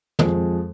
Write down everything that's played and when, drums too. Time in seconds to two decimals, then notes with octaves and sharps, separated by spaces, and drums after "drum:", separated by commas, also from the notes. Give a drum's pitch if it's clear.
0.19 F2 F3 G#3, drum: tom